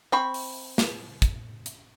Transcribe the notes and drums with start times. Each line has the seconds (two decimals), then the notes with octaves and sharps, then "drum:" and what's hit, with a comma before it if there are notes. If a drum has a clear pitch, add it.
0.12 C4 B5 C#6
0.34 drum: open hi-hat
0.78 drum: snare
1.22 drum: kick, hi-hat
1.66 drum: hi-hat